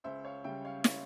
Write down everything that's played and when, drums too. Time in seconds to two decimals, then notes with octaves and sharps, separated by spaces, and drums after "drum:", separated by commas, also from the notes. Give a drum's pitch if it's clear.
0.04 C#2 C5 E5
0.24 C#5 F5
0.44 C#3 G3 E5 G5
0.65 C#5 F5
0.84 C#5 F5, drum: snare